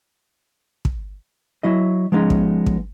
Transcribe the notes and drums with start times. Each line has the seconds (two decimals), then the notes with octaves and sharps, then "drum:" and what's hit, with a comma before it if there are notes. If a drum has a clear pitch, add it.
0.85 drum: kick
1.63 F#3 E4 D#5
2.12 F3 G#3 B3 C#4 D#4
2.30 drum: kick
2.66 drum: kick